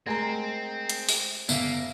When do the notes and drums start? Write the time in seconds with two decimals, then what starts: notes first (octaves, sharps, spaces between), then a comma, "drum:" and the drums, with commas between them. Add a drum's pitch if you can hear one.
0.06 G#3 A3 C4 A#4 G#5 A#5 G#6 A#6
0.89 drum: hi-hat
1.09 drum: open hi-hat
1.49 F#1 D3 A#3 B3 E5 F5, drum: tambourine